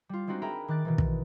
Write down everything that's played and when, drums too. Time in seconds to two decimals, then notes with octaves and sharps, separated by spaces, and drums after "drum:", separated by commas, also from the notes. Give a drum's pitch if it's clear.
0.09 G3 F4
0.27 G#3 C4 D4 D#4 F#4
0.42 G#4 A#4 E5 G5 A#5 B5
0.68 D#3 D6 F#6 A6
0.85 B2 D#3 E3
0.98 drum: kick